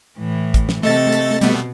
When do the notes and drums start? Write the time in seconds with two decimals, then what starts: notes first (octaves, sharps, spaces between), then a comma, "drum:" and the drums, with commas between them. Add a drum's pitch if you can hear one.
0.18 A2 E3
0.54 drum: kick A1, hi-hat
0.69 drum: snare
0.83 C3 A3 A4 D#5 A6
1.12 drum: hi-hat
1.41 B2 G3 A3 B3, drum: hi-hat